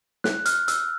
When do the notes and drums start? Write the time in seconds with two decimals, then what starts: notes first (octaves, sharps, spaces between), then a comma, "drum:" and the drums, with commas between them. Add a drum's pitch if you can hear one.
0.24 F#6, drum: snare
0.46 F6, drum: hi-hat
0.68 E6, drum: hi-hat